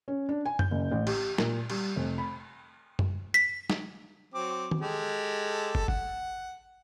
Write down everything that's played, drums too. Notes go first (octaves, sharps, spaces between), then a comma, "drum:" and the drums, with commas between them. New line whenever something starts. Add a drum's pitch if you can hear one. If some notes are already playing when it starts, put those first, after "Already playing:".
C#4
D4
G#5
G6, drum: tom F#2
F#1
A1
G4, drum: cymbal
A#2, drum: snare
G3, drum: cymbal
F1
B5
drum: tom F#2
B6
drum: snare
F#3 C4 D6
drum: tom D#3
G#3 G4 A4
drum: kick
F#5, drum: kick